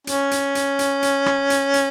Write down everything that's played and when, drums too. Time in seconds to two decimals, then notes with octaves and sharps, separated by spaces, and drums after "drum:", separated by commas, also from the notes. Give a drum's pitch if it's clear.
0.07 C#4, drum: hi-hat
0.31 drum: hi-hat
0.55 drum: hi-hat
0.79 drum: hi-hat
1.03 drum: hi-hat
1.26 drum: rim click
1.50 drum: hi-hat
1.74 drum: hi-hat